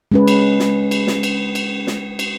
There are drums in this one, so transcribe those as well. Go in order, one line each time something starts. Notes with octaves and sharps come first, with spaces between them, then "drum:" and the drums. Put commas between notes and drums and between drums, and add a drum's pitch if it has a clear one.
G#3 C#4 B4
drum: cymbal
drum: snare
drum: cymbal
drum: snare
drum: cymbal
drum: cymbal
drum: snare
drum: cymbal